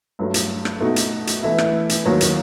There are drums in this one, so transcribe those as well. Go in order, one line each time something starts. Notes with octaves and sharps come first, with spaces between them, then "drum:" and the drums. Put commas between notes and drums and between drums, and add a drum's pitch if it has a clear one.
G2 F#3 A3
drum: hi-hat
drum: rim click
B2 A3 D#4 F#4 A4
drum: hi-hat
drum: hi-hat
E3 A3 E4
drum: rim click
drum: hi-hat
D#2 D#3 F#3
drum: hi-hat